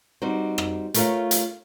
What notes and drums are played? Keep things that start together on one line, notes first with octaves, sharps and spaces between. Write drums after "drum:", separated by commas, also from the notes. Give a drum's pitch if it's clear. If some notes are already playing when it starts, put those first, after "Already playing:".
G3 C4 D#4 F#4 C5
drum: rim click
A3 F4 A#4 C5 C#5 F5, drum: hi-hat
drum: hi-hat